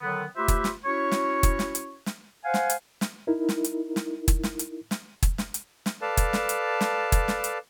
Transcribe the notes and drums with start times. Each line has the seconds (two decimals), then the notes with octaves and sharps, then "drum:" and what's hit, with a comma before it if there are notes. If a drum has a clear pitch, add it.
0.01 D3 D#3 F#3 B3
0.36 A3 F4 G4 B4 C5 E5
0.48 drum: kick, hi-hat
0.64 drum: snare
0.85 C#4 E4 F#4 C#5
1.12 drum: snare
1.43 drum: kick, hi-hat
1.59 drum: snare
1.75 drum: hi-hat
2.06 drum: snare
2.44 C5 F5 F#5 G#5
2.54 drum: snare
2.70 drum: hi-hat
3.01 drum: snare
3.27 D#4 E4 A#4
3.49 drum: snare
3.64 drum: hi-hat
3.96 drum: snare
4.28 drum: kick, hi-hat
4.43 drum: snare
4.59 drum: hi-hat
4.91 drum: snare
5.23 drum: kick, hi-hat
5.38 drum: snare
5.54 drum: hi-hat
5.86 drum: snare
6.02 A4 B4 D5 F5 A5
6.17 drum: kick, hi-hat
6.33 drum: snare
6.49 drum: hi-hat
6.81 drum: snare
7.12 drum: kick, hi-hat
7.28 drum: snare
7.44 drum: hi-hat